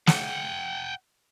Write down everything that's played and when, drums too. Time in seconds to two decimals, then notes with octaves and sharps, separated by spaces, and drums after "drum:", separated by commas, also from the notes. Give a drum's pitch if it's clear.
0.07 F#5 G5, drum: snare